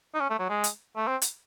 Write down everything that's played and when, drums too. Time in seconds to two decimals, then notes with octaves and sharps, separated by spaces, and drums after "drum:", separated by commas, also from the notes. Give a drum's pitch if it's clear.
0.14 D#4
0.20 C#4
0.30 A3
0.39 F#3
0.49 G#3
0.64 drum: hi-hat
0.96 A3
1.07 C4
1.22 drum: hi-hat